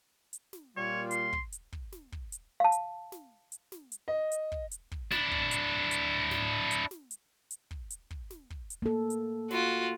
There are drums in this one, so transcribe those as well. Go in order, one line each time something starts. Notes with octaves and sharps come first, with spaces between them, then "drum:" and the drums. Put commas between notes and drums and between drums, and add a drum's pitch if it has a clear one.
drum: hi-hat
drum: snare
A#2 G3 F4 C#5
C6, drum: hi-hat
drum: kick
drum: hi-hat
drum: kick
drum: snare
drum: kick
drum: hi-hat
F5 A5
drum: hi-hat
drum: snare
drum: hi-hat
drum: snare
drum: hi-hat
D#5
drum: hi-hat
drum: kick
drum: hi-hat
drum: kick
D4 E4, drum: snare
drum: kick
drum: hi-hat
drum: hi-hat
drum: snare
drum: hi-hat
drum: snare
drum: hi-hat
drum: hi-hat
drum: kick
drum: hi-hat
drum: kick
drum: snare
drum: kick
drum: hi-hat
A#3 A4
drum: hi-hat
F4 F#4, drum: snare